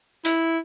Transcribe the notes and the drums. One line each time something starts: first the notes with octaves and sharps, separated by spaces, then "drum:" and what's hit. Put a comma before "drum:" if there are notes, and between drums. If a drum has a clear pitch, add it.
E4, drum: hi-hat